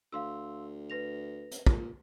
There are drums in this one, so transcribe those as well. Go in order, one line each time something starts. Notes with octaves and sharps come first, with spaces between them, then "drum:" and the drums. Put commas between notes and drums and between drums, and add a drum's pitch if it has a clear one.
D2 F5 C6 E6
B4 A#6 F7
drum: hi-hat
A#2, drum: kick